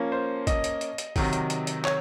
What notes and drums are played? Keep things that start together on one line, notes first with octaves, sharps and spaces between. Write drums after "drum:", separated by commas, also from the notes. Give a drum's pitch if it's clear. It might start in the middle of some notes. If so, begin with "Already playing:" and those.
Already playing: F3 A#3 C#4
C5
D#5, drum: kick A1, hi-hat
drum: hi-hat
drum: hi-hat
drum: hi-hat
C3 D#3 F#3, drum: kick A1, open hi-hat
drum: hi-hat
drum: hi-hat
drum: hi-hat
C#5, drum: clap